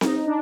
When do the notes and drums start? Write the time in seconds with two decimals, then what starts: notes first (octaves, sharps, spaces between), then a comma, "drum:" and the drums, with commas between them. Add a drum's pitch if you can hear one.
0.01 D#4, drum: snare C4
0.26 D4